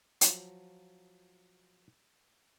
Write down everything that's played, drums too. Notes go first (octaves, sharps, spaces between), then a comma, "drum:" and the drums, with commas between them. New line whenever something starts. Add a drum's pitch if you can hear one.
F3 F#3, drum: hi-hat